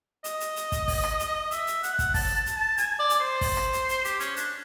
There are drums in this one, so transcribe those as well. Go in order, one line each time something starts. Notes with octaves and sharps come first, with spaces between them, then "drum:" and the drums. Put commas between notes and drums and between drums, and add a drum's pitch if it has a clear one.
D#5, drum: hi-hat
drum: hi-hat
drum: hi-hat
drum: kick, hi-hat
drum: kick, open hi-hat
drum: rim click
drum: hi-hat
D#5
E5, drum: hi-hat
drum: hi-hat
F#5, drum: hi-hat
drum: kick, hi-hat
A5, drum: kick, open hi-hat
A5
drum: hi-hat
A5
G#5, drum: hi-hat
D5
drum: hi-hat
C5
drum: kick, open hi-hat
drum: rim click
drum: hi-hat
drum: hi-hat
G4, drum: hi-hat
C#4, drum: hi-hat
D4, drum: hi-hat